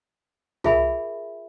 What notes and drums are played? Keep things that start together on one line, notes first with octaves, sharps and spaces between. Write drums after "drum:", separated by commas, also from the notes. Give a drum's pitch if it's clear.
F4 G#4 A#4 E5 G#5 B5, drum: tom